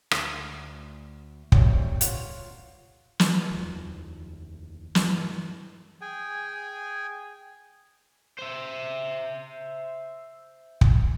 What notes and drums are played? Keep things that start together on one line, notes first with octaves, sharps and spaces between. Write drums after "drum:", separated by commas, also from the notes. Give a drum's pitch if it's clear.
D2, drum: rim click
C2 G3 A3 C4 F#4 C#5, drum: kick
F4 C#5 F#5, drum: hi-hat
drum: snare
F1 D#2 D#3 F3
G2 E3, drum: snare
G#4 G5 G#5
C5 E5
drum: kick